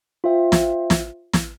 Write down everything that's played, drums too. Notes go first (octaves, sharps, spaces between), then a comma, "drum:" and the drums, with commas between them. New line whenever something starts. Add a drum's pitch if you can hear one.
F4 C5 E5 G5
drum: snare
drum: snare
drum: snare